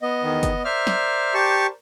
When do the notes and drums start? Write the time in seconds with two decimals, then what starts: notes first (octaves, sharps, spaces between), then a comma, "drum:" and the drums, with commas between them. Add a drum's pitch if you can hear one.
0.02 B3 D#5
0.23 E2 D#3
0.43 drum: kick F#1, hi-hat
0.65 A#4 C5 D5 E5 F6
0.87 drum: snare
1.34 G4 A5 C#6